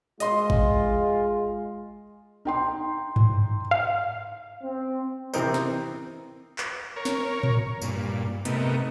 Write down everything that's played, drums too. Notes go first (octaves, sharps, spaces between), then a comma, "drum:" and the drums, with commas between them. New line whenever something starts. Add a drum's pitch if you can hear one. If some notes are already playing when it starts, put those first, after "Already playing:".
G#3 F4 D#5 C6, drum: hi-hat
drum: kick G#1
D#4 G5 C6
drum: tom G2
F5
C4
C3 E3 C4 D#4 A#4 C5, drum: tambourine
drum: snare
drum: clap
A#4 C#5
drum: snare
drum: tom A2
G2 A#2, drum: tambourine
C3 A3 B3 D#4 A#4, drum: hi-hat